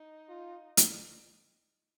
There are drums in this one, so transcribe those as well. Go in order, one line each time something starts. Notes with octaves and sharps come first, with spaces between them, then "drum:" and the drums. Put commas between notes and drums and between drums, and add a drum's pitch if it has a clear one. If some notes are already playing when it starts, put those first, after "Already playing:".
Already playing: D#4
F4
drum: hi-hat